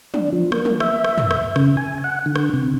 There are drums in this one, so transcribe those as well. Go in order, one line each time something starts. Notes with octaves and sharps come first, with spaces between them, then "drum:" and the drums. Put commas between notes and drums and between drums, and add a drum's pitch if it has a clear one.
D4, drum: tom
F3
A#3, drum: rim click
drum: tom
E5, drum: rim click
drum: rim click
drum: tom
drum: rim click
C#3, drum: rim click
G#5
F#5
D3
drum: rim click
C3